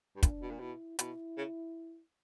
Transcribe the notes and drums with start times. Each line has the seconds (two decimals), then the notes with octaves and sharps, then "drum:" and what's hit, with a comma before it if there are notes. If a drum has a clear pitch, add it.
0.16 G2
0.23 A#2 D4, drum: kick, hi-hat
0.42 B2
0.51 A#2
0.60 B2 E4
0.99 B2 E4, drum: hi-hat
1.37 C#3